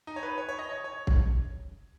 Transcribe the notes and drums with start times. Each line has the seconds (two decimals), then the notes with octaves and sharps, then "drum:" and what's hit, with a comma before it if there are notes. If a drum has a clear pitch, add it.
0.07 D#4
0.16 C#5
0.23 B4
0.38 C#5
0.49 C#5
0.59 D#5
0.69 C#5
0.84 C#5
1.07 drum: kick